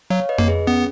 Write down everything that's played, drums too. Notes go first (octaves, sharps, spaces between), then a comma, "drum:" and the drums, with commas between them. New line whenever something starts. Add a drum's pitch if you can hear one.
F#3 C#5 F5
B4 D#5
A#3, drum: tom F2
G#4 B4
B3 C#4